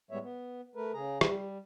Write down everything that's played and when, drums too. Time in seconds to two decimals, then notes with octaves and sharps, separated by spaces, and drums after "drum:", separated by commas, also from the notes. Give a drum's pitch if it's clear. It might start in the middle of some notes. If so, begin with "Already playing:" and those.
0.11 A2 G3 G#3 B3 C#5 E5
0.22 B3
0.75 A3 A#4 B4
0.94 C#3 G#4 A#5
1.21 G3, drum: rim click